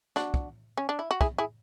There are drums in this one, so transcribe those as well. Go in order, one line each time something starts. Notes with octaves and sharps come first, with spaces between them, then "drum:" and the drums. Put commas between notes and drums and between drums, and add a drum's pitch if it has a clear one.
D4 F#4, drum: snare
drum: kick
C#4
D4
E4
F#4
E4 G#4, drum: kick
E4 G#4